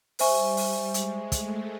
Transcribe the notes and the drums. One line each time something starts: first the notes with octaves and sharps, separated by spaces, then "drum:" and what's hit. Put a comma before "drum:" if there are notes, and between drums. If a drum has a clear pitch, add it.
G3 C5 E5 G#5 C#6, drum: open hi-hat
drum: open hi-hat
G#3, drum: hi-hat
A3, drum: kick, hi-hat